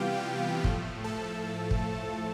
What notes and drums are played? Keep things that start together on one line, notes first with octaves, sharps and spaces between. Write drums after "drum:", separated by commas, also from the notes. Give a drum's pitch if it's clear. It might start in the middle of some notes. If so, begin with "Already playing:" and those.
Already playing: C3 E3 G3 B3 F4 G4 F5 G5
A2 F3 A3, drum: kick
A4 A5
drum: kick